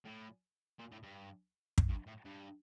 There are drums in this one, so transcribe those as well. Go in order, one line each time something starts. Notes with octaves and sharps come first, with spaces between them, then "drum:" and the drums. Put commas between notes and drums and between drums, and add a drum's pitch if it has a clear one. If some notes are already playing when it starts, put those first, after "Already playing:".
A2
A#2
A2
G2
drum: kick
G2
A2
G2